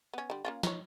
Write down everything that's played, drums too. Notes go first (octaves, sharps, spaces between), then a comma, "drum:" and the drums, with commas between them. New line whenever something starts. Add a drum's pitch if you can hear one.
B3 C#4
D3 G3
A#3 C#4 F4
D#4 C#5, drum: snare